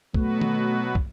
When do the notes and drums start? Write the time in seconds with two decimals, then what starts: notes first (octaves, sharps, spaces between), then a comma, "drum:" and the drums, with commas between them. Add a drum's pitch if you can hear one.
0.14 B2 F#3 A3 B3 F#4 B4, drum: kick
0.41 drum: tom D#3
0.95 drum: kick